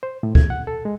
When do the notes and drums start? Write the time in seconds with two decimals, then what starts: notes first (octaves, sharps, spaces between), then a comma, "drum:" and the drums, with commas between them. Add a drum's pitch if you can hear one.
0.03 C5
0.23 A2
0.35 G#6, drum: kick
0.50 F#5
0.67 A4
0.85 G#3